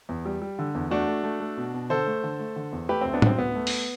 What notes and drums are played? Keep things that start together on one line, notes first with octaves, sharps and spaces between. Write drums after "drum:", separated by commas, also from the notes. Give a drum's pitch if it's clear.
E2
G3
G3
D3
E2
A3 D4 F#4
A3
A3
A3
B2
B2
D3 A4 C5
A3
D3
A3
D3
E2
A3 G4 B4
D2 C4
B3 D4
D2 C4, drum: tom
D2 B3
A3
drum: open hi-hat